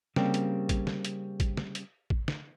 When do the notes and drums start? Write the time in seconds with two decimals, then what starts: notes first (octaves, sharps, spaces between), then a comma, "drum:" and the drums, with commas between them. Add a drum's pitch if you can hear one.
0.16 C#3 G3 A#3 C4 G4, drum: snare
0.34 drum: hi-hat
0.69 drum: kick, hi-hat
0.87 drum: snare
1.05 drum: hi-hat
1.40 drum: kick, hi-hat
1.57 drum: snare
1.75 drum: hi-hat
2.10 drum: kick
2.28 drum: snare